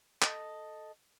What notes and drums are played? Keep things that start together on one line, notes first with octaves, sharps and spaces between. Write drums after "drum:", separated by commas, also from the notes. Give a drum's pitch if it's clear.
A4 D#5, drum: clap